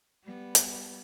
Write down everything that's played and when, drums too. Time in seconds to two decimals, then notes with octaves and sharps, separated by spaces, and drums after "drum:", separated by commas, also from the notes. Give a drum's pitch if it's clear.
0.24 G3 B3
0.55 drum: hi-hat